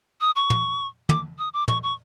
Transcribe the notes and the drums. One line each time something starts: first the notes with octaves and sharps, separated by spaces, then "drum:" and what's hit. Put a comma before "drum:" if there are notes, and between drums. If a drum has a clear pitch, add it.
D#6
C#6
drum: tom
D6, drum: tom
D#6
D6
C#6, drum: tom
C#6